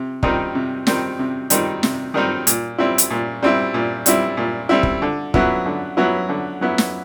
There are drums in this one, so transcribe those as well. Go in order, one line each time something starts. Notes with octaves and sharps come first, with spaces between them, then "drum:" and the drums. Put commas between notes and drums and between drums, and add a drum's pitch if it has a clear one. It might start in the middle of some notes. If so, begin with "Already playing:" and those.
Already playing: C3
D#3 G3 C4 D#4, drum: kick
C3
D#3 G3 C4 D#4, drum: snare
C3
D#3 G3 C4 D#4, drum: hi-hat
C3, drum: snare
D#3 G3 C4 D#4
A#2, drum: hi-hat
G3 C4 E4
drum: hi-hat
A#2
G3 C4 E4
A#2
G3 C4 E4, drum: hi-hat
A#2
G3 C4 E4
drum: kick
D3
F#3 B3 E4, drum: kick
D3
F#3 B3 E4
D3
F#3 B3 E4
drum: snare